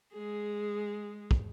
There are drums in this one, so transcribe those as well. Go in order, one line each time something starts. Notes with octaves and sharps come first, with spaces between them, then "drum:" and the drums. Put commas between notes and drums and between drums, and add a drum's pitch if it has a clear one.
G#3 G#4
drum: kick